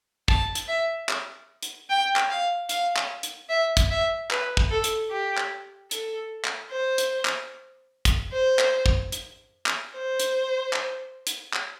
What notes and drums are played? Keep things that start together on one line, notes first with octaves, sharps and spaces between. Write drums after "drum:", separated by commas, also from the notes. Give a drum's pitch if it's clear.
A5, drum: kick
drum: hi-hat
E5
drum: clap
drum: hi-hat
G5
drum: clap
F5
F5, drum: hi-hat
drum: clap
drum: hi-hat
E5
drum: kick, hi-hat
E5
B4, drum: clap
drum: kick
A4
drum: hi-hat
G4
drum: clap
A4, drum: hi-hat
drum: clap
C5
drum: hi-hat
drum: clap
drum: kick, hi-hat
C5
drum: clap
drum: kick
drum: hi-hat
drum: clap
C5
drum: hi-hat
drum: clap
drum: hi-hat
drum: clap